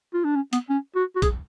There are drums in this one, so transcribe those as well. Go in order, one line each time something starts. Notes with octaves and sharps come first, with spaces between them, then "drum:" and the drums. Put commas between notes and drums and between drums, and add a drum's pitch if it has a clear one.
F4
D4
C#4
B3, drum: hi-hat
C#4
F#4
F#4
G#4, drum: kick, hi-hat